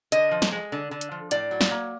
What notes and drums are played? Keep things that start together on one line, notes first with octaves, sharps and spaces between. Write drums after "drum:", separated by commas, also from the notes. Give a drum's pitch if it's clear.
D3 D#5, drum: hi-hat
F3
drum: snare
G#3
D3
D3
drum: hi-hat
F3
A2 D5, drum: hi-hat
F#3
drum: snare
A#3